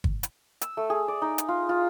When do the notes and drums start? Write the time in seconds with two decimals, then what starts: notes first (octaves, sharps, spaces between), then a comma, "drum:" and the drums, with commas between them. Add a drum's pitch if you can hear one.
0.04 drum: kick
0.23 drum: hi-hat
0.61 E6, drum: hi-hat
0.77 A3
0.90 G#4
1.08 D5
1.22 D#4
1.38 drum: hi-hat
1.48 F4
1.69 F4